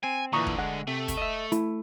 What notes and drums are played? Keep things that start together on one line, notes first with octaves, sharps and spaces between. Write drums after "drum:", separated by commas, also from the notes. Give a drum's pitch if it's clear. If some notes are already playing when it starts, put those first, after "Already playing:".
C4 G#5
D2 A#2 E3 A#5 C#6 D#6
drum: kick
G#3 F#5
C3 A3
drum: kick, hi-hat
D#5 E5
A3 E4, drum: hi-hat